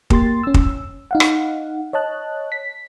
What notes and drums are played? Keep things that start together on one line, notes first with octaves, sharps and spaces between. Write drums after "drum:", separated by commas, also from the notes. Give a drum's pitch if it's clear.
A#3 G4 C6 A6, drum: kick
C#4 E6
drum: kick
D#4 F5 F#5
drum: rim click
C#5 D#5 A5 F#6
B6